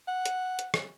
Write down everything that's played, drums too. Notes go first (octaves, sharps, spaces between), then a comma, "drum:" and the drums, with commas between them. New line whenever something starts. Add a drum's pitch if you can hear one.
F#5
drum: hi-hat
drum: hi-hat
drum: rim click